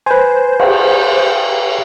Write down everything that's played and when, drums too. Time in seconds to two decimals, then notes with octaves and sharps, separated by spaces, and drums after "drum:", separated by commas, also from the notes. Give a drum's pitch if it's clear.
0.06 B4 C5 G#5
0.60 drum: cymbal